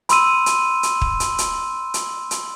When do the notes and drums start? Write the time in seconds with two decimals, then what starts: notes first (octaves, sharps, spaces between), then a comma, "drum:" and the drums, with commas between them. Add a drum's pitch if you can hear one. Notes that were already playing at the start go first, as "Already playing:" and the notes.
0.09 B5 C6 E6 D#7, drum: hi-hat
0.46 drum: hi-hat
0.83 drum: hi-hat
1.01 drum: kick
1.20 drum: hi-hat
1.38 drum: hi-hat
1.94 drum: hi-hat
2.31 drum: hi-hat